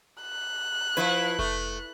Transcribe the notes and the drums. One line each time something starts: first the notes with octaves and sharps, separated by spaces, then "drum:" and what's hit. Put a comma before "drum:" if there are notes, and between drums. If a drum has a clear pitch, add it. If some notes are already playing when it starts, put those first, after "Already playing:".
F#6
F3 E4 B4, drum: hi-hat
A3, drum: kick F1